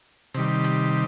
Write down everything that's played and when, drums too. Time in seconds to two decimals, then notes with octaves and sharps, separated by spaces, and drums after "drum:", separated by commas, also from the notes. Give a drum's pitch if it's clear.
0.34 C3 D#3 G3, drum: hi-hat
0.64 drum: hi-hat